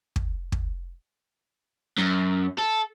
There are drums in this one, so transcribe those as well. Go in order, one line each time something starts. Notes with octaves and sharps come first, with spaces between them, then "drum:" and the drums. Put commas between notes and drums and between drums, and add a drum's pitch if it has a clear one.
drum: kick
drum: kick
F#2
A4